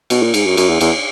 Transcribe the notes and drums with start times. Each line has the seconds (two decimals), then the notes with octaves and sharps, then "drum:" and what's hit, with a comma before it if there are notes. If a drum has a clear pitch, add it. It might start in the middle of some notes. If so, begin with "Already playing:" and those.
0.10 B2, drum: cymbal
0.22 A#2
0.34 G#2, drum: cymbal
0.46 F#2
0.57 F#2, drum: cymbal
0.69 E2
0.81 E2, drum: cymbal